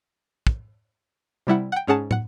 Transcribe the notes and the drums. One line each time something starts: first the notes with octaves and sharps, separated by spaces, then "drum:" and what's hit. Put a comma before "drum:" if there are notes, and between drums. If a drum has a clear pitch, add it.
drum: kick
C3 G3 E4 F#5
F#5 G5
G#2 C#4 G#4 F#5 A5
F#5 C#7, drum: tom